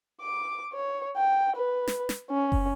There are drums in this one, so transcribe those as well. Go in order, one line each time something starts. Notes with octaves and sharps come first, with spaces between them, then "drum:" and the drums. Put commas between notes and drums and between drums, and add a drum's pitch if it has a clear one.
D6
C#5
G5
B4
drum: snare
drum: snare
C#4
drum: kick F#1